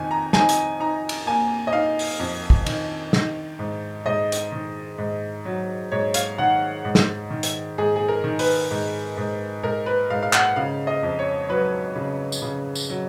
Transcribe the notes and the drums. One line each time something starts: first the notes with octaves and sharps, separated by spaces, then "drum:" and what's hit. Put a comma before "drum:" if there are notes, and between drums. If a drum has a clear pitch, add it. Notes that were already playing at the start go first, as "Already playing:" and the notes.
Already playing: F2 D#3 G#5
A#5
D#4 G#5, drum: snare
drum: hi-hat
D#4 A#5
drum: cymbal
A#3 G#5
D#5
D#4 F5
drum: open hi-hat
F2
drum: kick
D#3, drum: cymbal
D#3, drum: snare
G#2
G#2 D#5
drum: hi-hat
D#3
G#2
F#3
G#2 C#5
F5, drum: hi-hat
D#3 F#5
G#2
drum: snare
D#3
drum: hi-hat
G#2 G#4
G#4
A#4
D#3
B4, drum: open hi-hat
G#2
G#2
G#2 A#4
B4
G#2 F5
F5
F#5, drum: clap
C#3 F5
D#5
F2
C#5
F#3 B4
C#3
drum: tambourine
C#3
drum: tambourine
F#3